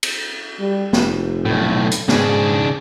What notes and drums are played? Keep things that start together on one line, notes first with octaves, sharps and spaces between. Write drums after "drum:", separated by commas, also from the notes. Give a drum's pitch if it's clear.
drum: cymbal
G3
F1, drum: snare
B1 A2
drum: hi-hat
G#2 C#3 D4, drum: snare